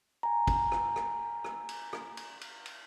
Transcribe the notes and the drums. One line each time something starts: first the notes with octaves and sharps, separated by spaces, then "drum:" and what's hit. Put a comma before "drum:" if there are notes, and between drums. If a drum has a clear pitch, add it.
G#5 A#5
drum: kick, cymbal
drum: rim click
drum: rim click
drum: rim click
drum: cymbal
drum: rim click
drum: cymbal
drum: cymbal
drum: cymbal